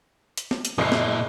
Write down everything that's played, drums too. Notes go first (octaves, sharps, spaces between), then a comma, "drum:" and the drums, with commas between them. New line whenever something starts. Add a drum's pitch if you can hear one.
drum: hi-hat
drum: snare
drum: hi-hat
F#1 A#2 E4 C7
drum: snare